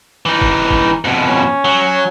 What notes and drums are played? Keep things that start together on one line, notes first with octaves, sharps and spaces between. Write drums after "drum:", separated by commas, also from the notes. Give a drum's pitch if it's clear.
E3 D#4
drum: kick
drum: kick
F2 B2
C#4
F#3